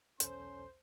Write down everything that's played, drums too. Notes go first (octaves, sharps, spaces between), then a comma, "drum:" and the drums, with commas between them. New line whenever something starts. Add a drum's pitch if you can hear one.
B1 E2 C#4 A4 C5 C6, drum: hi-hat